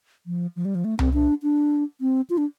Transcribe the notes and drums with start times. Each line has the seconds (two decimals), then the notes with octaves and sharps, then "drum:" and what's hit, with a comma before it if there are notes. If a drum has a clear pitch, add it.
0.26 F3
0.56 F3
0.65 G3
0.75 F3
0.85 A3
0.99 C4, drum: tom C2
1.14 D4
1.43 D4
2.01 C4
2.30 F4
2.38 D4